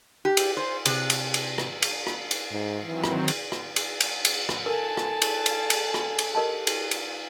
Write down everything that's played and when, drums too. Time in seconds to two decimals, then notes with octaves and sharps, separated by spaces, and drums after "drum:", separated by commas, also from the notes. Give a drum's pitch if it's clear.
0.25 G4
0.37 drum: cymbal
0.57 C5
0.86 C3, drum: cymbal
1.10 drum: cymbal
1.34 drum: cymbal
1.58 drum: rim click
1.82 drum: cymbal
2.07 drum: rim click
2.31 drum: cymbal
2.51 G#2
2.85 D#3 E3 F#3 C4
3.04 drum: rim click
3.28 drum: cymbal
3.52 drum: rim click
3.76 drum: cymbal
4.00 drum: cymbal
4.25 drum: cymbal
4.49 drum: rim click
4.66 A4 A#4 G#5 A5
4.97 drum: rim click
5.22 drum: cymbal
5.46 drum: cymbal
5.70 drum: cymbal
5.94 drum: rim click
6.19 drum: cymbal
6.35 G4 A#4 D#5 A5
6.67 drum: cymbal
6.91 drum: cymbal